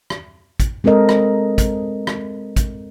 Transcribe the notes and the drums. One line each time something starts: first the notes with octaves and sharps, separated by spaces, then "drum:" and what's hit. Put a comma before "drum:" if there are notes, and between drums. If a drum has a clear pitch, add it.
drum: rim click
drum: kick, hi-hat
G#3 C4 A4 A#4 D#5
drum: rim click
drum: kick, hi-hat
drum: rim click
drum: kick, hi-hat